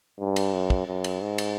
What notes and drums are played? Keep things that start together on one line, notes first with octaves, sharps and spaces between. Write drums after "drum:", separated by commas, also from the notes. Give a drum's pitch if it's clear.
G2
drum: cymbal
F#2
drum: kick
F#2
drum: cymbal
G#2
drum: cymbal